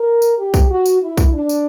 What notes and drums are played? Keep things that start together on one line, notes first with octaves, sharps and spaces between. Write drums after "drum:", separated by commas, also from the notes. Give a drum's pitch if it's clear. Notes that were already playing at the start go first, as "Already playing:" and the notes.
Already playing: A#4
drum: tambourine
G4
drum: kick B1, tambourine
F#4
drum: tambourine
E4
drum: kick B1, tambourine
D4
drum: tambourine